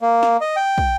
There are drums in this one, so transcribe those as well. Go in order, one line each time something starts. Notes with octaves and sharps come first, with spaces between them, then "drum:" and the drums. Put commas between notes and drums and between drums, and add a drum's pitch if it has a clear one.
A#3
drum: snare
D#5
G5
drum: kick